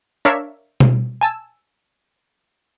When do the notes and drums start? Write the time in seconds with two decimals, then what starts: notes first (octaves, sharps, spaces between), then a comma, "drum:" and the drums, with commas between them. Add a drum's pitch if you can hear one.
0.25 D4 A#4 C#5 D5 E5 F5
0.80 drum: tom B2
1.21 G#5 A5 E6